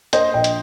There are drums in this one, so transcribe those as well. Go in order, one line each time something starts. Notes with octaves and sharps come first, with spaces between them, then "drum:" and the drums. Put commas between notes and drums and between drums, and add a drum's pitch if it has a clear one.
A#3 C5 D#5, drum: hi-hat
A#1 D#5 G5
drum: hi-hat